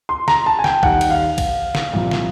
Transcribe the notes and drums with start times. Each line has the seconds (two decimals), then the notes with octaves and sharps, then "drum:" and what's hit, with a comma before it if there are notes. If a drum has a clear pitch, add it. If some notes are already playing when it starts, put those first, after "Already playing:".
0.09 C6
0.28 A#5, drum: snare
0.46 A5
0.59 G#5
0.64 G5, drum: snare
0.83 D#2 D#3 G3 F#5, drum: kick
1.01 drum: cymbal
1.10 F5
1.38 drum: kick, cymbal
1.75 drum: snare
1.93 C2 A#2 F3
2.11 drum: snare